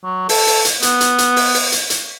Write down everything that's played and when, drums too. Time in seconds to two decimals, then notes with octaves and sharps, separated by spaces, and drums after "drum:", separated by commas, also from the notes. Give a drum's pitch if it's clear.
0.04 F#3
0.29 A4, drum: open hi-hat
0.47 drum: open hi-hat
0.65 drum: hi-hat
0.82 B3, drum: hi-hat
1.01 drum: hi-hat
1.18 drum: hi-hat
1.36 drum: open hi-hat
1.54 drum: open hi-hat
1.72 drum: hi-hat
1.90 drum: hi-hat